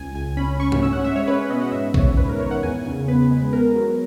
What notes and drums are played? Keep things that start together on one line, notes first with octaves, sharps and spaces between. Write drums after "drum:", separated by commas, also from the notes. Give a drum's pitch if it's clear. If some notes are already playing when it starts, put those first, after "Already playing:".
Already playing: C#2 G#5
C#2 G#5
C#4 B5
C#4 C#6
drum: tom
C#4 E6
F#5
G#3 E5
C#5
C#4 B4
C#5
B2 D#5
F#5
G#2 E5
G#2 C#5, drum: kick A#1
G#2 B4
A#4
D#3 C#5
F#5
E2 G#5
C#3 G#5
B3 B4
B4
G#3
B4
B3 A#4
F#3